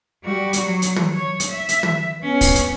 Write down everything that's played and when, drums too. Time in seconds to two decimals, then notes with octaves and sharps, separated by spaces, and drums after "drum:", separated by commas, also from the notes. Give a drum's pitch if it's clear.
0.24 G3 F#4
0.53 drum: hi-hat
0.64 F#3
0.82 drum: hi-hat
0.96 drum: tom
1.13 C#5
1.40 drum: hi-hat
1.49 E5
1.69 drum: hi-hat
1.83 drum: tom
2.21 B3 C#4
2.41 drum: kick, open hi-hat
2.55 drum: hi-hat